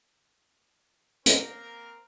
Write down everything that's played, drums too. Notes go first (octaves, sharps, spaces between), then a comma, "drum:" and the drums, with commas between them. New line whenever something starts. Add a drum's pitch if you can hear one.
A#3 C4 A#4, drum: hi-hat